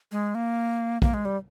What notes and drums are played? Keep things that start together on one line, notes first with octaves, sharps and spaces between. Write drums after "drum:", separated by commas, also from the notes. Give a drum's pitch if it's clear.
G#3
A#3
A#3, drum: kick
G#3
G3